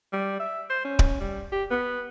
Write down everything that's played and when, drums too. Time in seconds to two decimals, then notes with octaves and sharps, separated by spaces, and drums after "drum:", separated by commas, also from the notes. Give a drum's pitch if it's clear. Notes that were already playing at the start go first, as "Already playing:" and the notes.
0.13 G3
0.40 E5
0.70 C5
0.85 C#4
0.99 drum: kick D1
1.20 G3
1.52 G4
1.71 B3